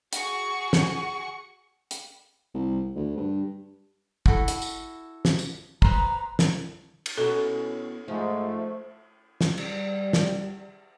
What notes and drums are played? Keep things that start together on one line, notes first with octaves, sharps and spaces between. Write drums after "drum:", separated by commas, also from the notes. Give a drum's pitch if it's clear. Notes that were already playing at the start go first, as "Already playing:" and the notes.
F#4 G#4 C#6, drum: hi-hat
drum: snare
drum: hi-hat
C2
D2
G2
E4 F#4 A4, drum: kick
drum: hi-hat
drum: tambourine
drum: snare
drum: tambourine
B4 C5 A#5, drum: kick
drum: snare
drum: cymbal
B2 C#4 E4 F#4 A4
G#2 F3 A3
drum: snare
G3, drum: cymbal
drum: snare